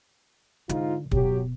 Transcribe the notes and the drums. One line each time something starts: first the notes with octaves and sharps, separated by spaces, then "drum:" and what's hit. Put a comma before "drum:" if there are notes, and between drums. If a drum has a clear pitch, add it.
G#2 D3 D#4 F4, drum: hi-hat
B2 F#3 G4, drum: kick